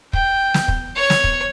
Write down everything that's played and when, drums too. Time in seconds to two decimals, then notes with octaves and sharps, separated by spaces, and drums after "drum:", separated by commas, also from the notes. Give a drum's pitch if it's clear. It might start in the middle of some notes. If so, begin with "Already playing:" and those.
0.13 G5, drum: kick
0.54 drum: snare
0.68 drum: kick
0.96 C#5
1.10 drum: snare
1.24 drum: kick